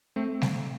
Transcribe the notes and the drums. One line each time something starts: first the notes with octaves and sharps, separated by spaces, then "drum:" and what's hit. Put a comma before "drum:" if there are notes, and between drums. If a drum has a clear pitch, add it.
A3 C4
drum: snare G3